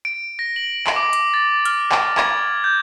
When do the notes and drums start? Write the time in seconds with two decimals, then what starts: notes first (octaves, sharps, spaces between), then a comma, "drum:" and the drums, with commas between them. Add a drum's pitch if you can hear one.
0.05 D7
0.39 A#6
0.56 F#7
0.87 drum: clap
0.96 D6
1.13 drum: hi-hat
1.34 A6
1.65 F6, drum: hi-hat
1.92 drum: clap
2.17 G#6, drum: clap
2.64 G6